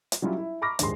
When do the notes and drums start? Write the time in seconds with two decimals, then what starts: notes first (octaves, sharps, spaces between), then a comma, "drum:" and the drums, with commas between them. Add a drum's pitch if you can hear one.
0.12 drum: hi-hat
0.22 F#3 G3 C#4 E4 F4 G4
0.38 E4
0.62 A#5 B5 C#6 D6 F6 A#6
0.79 A#1 D#2 G#2 D4 G#4 C6, drum: hi-hat